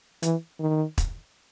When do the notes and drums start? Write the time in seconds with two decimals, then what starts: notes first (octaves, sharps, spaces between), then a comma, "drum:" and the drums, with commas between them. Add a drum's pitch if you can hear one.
0.23 E3, drum: hi-hat
0.60 D#3
0.98 drum: kick E1, hi-hat